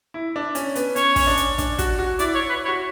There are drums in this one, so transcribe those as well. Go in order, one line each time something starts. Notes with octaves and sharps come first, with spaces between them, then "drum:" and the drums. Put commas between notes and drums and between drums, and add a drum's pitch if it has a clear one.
E4
D4
C#4, drum: hi-hat
B3, drum: hi-hat
C#4 C#5, drum: hi-hat
C#4, drum: kick, open hi-hat
D4
drum: hi-hat
D4, drum: kick, hi-hat
F#4, drum: kick, hi-hat
F#4
E4 D5, drum: hi-hat
C#5
B4
C#5
F#4